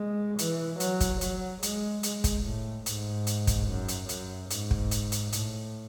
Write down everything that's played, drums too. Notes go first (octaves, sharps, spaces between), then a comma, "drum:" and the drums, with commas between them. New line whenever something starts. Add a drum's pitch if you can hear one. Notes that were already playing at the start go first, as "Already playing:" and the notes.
Already playing: G#3
E3, drum: hi-hat
F#3, drum: hi-hat
drum: kick, hi-hat
F#3, drum: hi-hat
G#3, drum: hi-hat
G#3, drum: hi-hat
drum: kick, hi-hat
A2
G#2, drum: hi-hat
drum: hi-hat
drum: kick, hi-hat
F#2
drum: hi-hat
F#2, drum: hi-hat
G#2, drum: hi-hat
drum: kick
drum: hi-hat
drum: hi-hat
A2, drum: hi-hat